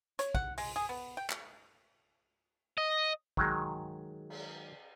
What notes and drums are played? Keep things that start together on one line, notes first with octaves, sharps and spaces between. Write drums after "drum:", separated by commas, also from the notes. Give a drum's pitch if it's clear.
C#5, drum: hi-hat
F#5, drum: kick
G#3, drum: open hi-hat
G#4
B3
G5
drum: clap
D#5
D#3 F#3 G#3, drum: kick
drum: cymbal